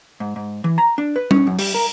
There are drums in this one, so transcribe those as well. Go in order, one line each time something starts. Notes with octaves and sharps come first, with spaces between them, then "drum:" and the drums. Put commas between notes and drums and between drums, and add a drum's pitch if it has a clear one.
G#2
G#2
E3
A#5
D4
B4
C#4, drum: tom G3
F#2
G3, drum: open hi-hat
A#4